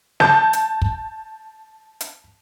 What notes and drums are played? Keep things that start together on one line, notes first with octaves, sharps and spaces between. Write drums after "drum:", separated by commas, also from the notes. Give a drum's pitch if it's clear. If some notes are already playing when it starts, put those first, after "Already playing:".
A5 G6, drum: snare
drum: hi-hat
drum: kick
drum: hi-hat